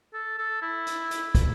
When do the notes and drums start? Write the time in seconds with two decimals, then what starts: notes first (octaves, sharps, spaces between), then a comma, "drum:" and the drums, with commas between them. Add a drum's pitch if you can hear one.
0.14 A4
0.38 A4
0.62 E4
0.87 drum: hi-hat
1.11 drum: hi-hat
1.35 drum: kick, hi-hat